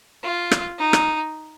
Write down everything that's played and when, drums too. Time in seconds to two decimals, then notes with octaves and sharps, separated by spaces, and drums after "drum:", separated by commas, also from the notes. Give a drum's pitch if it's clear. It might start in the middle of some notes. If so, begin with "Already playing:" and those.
0.24 F4
0.51 drum: rim click
0.79 D#4
0.93 drum: rim click